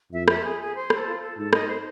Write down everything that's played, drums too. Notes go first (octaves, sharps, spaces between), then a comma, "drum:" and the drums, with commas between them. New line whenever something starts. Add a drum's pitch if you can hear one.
F2 E5
E5, drum: rim click
G#4
G#4
C5
A4, drum: rim click
F4
A4
G#2 A4
D#5, drum: rim click
C5